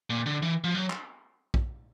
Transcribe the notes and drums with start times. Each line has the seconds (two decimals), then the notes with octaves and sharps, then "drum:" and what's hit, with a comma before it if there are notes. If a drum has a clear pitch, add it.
0.10 A#2
0.26 D3
0.42 E3
0.64 F3
0.75 F#3
0.90 drum: clap
1.54 drum: kick A#1